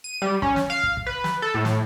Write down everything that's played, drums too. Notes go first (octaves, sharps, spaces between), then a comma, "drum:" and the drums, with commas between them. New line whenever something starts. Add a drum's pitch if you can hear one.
D#7
G3
C#4, drum: kick
drum: snare
F5
drum: kick
drum: kick
B4
drum: snare
A4
A2
drum: snare